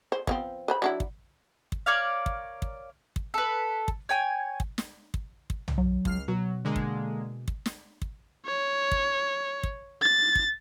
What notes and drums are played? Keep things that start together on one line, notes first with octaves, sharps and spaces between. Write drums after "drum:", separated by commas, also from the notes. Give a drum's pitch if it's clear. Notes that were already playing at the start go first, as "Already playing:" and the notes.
C5
F3 B3 C4, drum: kick
B4 C5 B5
F#3 D4 E4
drum: kick
drum: kick
A#4 C#5 D5 F5
drum: kick
drum: kick
drum: kick
A4 B4
drum: kick
C#5 G5 G#5
drum: kick
drum: snare
drum: kick
drum: kick
drum: tom B1
F#3
C#2 F6 C7, drum: kick
B2 F#3
D3 G#3 A#3
drum: kick
drum: kick
drum: snare
drum: kick
C#5
drum: kick
drum: kick
A6
drum: kick